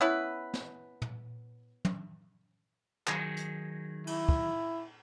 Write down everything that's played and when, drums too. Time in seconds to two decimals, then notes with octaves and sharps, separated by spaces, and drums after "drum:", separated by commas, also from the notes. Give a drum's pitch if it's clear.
0.01 B3 C#4 E4 B4
0.54 drum: snare
1.02 drum: tom
1.85 drum: tom
3.07 D#3 F#3 G#4, drum: clap
3.37 drum: hi-hat
4.07 E4, drum: cymbal
4.29 drum: kick